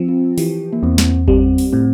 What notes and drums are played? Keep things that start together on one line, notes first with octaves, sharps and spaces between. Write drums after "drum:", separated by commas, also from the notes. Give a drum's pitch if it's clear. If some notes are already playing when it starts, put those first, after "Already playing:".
Already playing: F3 C4
F4
E3 G4, drum: open hi-hat
A#3
E2 C4
drum: snare
G3 C4, drum: kick G1
drum: open hi-hat
A2 C4